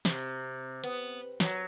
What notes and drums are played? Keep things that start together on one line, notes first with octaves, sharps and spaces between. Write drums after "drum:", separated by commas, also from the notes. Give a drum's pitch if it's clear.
C3, drum: snare
B3, drum: hi-hat
F#3, drum: snare